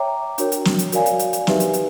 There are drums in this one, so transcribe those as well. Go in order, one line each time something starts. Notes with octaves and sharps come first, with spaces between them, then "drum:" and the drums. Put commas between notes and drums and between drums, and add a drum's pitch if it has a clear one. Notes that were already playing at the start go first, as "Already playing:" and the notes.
Already playing: C#5 E5 G5 A#5 D6
D4 F#4 A#4 C#5, drum: hi-hat
drum: hi-hat
drum: snare
drum: hi-hat
F#4 A#4 D5 F5 G#5, drum: hi-hat
drum: hi-hat
drum: hi-hat
drum: hi-hat
D#4 G4 B4 E5, drum: snare
drum: hi-hat
drum: hi-hat